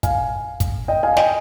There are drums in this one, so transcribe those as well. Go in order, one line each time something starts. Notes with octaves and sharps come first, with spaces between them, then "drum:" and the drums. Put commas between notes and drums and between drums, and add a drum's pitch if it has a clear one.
F5 G#5, drum: kick, hi-hat
drum: kick, hi-hat
D#5 G5
F5 G#5
D#5 G5, drum: snare